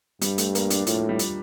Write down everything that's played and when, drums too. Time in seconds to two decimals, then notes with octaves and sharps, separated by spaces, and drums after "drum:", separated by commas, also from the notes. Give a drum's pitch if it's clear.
0.21 G2 G3, drum: hi-hat
0.38 A3, drum: hi-hat
0.55 A#3, drum: hi-hat
0.70 D4, drum: hi-hat
0.87 A2 F3, drum: hi-hat
1.09 G3
1.19 drum: hi-hat